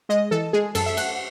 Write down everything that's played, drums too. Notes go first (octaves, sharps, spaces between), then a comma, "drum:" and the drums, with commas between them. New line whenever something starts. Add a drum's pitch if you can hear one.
G#3 D#5
E3 A4
G#3 G#4
F#2 A4, drum: cymbal
E5
A3 F#5, drum: cymbal